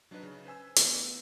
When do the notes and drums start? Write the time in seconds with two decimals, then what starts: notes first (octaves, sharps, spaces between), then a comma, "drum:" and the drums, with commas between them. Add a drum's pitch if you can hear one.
0.11 F#3 D4 D#4 F#4 B4 D#5
0.23 C#3
0.45 B4 C5 G#5 E6
0.76 E3 A3 B3, drum: hi-hat